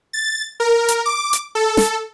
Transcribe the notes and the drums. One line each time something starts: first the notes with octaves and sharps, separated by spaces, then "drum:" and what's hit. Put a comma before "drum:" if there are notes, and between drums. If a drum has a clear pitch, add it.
A6
A#4
drum: hi-hat
D6
drum: hi-hat
A4
drum: snare